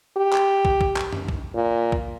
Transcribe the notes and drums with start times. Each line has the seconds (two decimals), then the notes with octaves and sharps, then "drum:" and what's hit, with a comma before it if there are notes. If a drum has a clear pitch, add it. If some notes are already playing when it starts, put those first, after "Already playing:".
0.17 G4
0.33 drum: clap
0.65 drum: kick
0.81 drum: kick
0.97 drum: clap
1.13 drum: tom
1.28 drum: kick
1.55 A#2
1.92 drum: kick